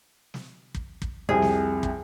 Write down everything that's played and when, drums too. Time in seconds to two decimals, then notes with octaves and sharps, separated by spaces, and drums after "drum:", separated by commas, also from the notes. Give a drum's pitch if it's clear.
0.34 drum: snare
0.75 drum: kick
1.02 drum: kick
1.29 C2 F2 C3 G#4
1.42 drum: snare
1.83 drum: kick